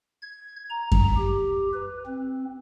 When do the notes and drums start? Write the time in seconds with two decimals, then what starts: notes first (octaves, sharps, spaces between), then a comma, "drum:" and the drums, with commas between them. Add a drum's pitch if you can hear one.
0.22 G#6
0.70 A#5
0.92 drum: kick F#2
1.16 G4
1.74 B4
2.06 C4